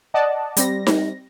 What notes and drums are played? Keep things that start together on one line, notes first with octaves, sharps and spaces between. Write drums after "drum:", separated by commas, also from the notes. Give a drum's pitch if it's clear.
D5 D#5 F#5 A5
G3 C4 A#6, drum: hi-hat
drum: snare D#4